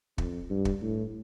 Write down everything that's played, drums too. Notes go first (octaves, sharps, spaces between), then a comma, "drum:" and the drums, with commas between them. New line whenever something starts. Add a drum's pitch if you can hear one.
F2, drum: kick
G2
drum: kick
A2